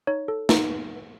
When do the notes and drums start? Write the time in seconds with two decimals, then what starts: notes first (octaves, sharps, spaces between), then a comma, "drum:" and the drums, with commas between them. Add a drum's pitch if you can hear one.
0.07 D#4 C#5
0.28 A4
0.49 D#4, drum: snare